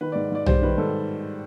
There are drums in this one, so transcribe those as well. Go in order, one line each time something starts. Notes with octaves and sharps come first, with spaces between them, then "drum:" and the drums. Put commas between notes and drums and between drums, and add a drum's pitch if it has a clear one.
D#3 B4
D5
G#2
G#2 D5
G3 C5, drum: tom
D#3 B4
G#2 A4